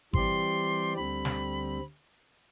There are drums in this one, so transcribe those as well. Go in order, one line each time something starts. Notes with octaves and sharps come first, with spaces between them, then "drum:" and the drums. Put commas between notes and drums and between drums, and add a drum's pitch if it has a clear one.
E3 G3 C4 G4 D5 C6, drum: kick G#1
D2 D3 G3 C4 B5
drum: snare